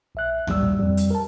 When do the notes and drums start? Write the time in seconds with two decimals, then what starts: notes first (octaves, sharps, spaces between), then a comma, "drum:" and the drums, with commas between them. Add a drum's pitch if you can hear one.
0.15 A#1 E5 F#6
0.47 A#1 D#2 G3 E6, drum: tom G#2
0.79 F2 G3
0.97 drum: hi-hat
1.11 A#4 A5